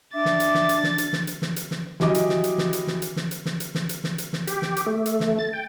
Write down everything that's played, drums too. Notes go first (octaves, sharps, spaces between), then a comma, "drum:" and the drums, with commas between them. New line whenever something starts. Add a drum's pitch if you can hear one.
D4 E5 D6 A6
drum: snare
drum: hi-hat
drum: snare
drum: hi-hat
drum: snare
drum: hi-hat
drum: snare
drum: hi-hat
drum: snare
drum: hi-hat
drum: snare
E3 F#3 G4 D#5 D6, drum: snare
drum: hi-hat
drum: snare
drum: hi-hat
drum: snare
drum: hi-hat
drum: snare
drum: hi-hat
drum: snare
drum: hi-hat
drum: snare
drum: hi-hat
drum: snare
drum: hi-hat
drum: snare
drum: hi-hat
drum: snare
G4, drum: hi-hat
drum: snare
drum: hi-hat
A3
drum: hi-hat
drum: snare
A6
G5